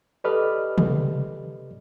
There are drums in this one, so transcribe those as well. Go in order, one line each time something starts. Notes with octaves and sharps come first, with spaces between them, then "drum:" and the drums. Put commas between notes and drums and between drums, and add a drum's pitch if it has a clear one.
G4 A4 B4 D5 D#5 F6
drum: tom C3